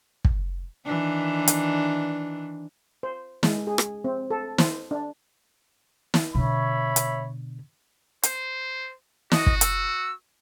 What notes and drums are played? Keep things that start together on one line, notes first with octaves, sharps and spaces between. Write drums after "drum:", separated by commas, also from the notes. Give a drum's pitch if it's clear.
drum: kick
D#3 E3 D4
drum: hi-hat
C5
G#3, drum: snare
G#4
drum: rim click
C4
A4
C5, drum: snare
D4
drum: snare
B2 D3 C#5 E5 B5
drum: hi-hat
C5, drum: hi-hat
F#4 D#5, drum: snare
drum: kick
E6, drum: hi-hat